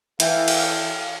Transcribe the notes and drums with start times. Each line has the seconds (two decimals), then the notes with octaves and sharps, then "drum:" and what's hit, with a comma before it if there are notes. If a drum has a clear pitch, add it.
0.20 E3 E4 A4 F5 G5, drum: hi-hat
0.48 drum: cymbal